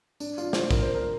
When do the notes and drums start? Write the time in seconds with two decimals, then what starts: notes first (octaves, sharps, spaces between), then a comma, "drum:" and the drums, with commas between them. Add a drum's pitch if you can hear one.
0.20 D4, drum: tambourine
0.38 F4, drum: tambourine
0.53 C5, drum: snare
0.71 A#4, drum: kick, tambourine
0.82 C5
0.95 A#4